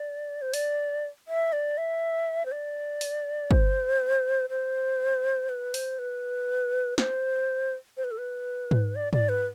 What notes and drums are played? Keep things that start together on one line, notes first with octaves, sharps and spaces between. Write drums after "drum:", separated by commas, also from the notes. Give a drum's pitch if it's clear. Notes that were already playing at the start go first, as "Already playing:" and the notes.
Already playing: D5
C5
D5, drum: open hi-hat
E5
D5
E5
C5
D5
drum: open hi-hat
C5, drum: kick
C5
B4
C5, drum: open hi-hat
B4
C5, drum: snare
C5
B4
A4
B4
drum: tom G#2
D5
D5, drum: tom G#2
B4